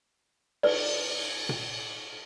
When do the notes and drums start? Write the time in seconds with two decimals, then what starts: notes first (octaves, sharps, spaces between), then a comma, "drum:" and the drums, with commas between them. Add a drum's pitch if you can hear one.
0.63 B4 D5, drum: cymbal
1.49 drum: tom A#2